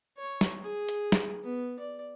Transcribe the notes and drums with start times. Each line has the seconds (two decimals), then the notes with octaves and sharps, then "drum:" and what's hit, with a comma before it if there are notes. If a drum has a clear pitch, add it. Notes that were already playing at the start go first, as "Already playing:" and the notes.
0.17 C#5
0.41 drum: snare
0.63 G#4
0.89 drum: hi-hat
1.12 drum: snare
1.44 B3
1.79 D5